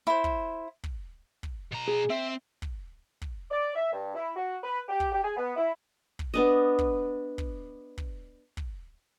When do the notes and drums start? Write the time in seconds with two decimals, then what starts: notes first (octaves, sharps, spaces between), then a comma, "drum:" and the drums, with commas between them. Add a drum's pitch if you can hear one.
0.07 E4 C5
0.24 drum: kick
0.84 drum: kick
1.43 drum: kick
1.72 B2 A#5
1.88 G#4
2.10 C4 E5
2.62 drum: kick
3.22 drum: kick
3.51 D5
3.76 E5
3.93 G2
4.15 E4
4.36 F#4
4.64 B4
4.88 G4
5.00 drum: kick
5.12 G4
5.24 G#4
5.37 B3
5.56 E4
6.19 drum: kick
6.34 B3 D4 D#5
6.79 drum: kick
7.38 drum: kick
7.98 drum: kick
8.57 drum: kick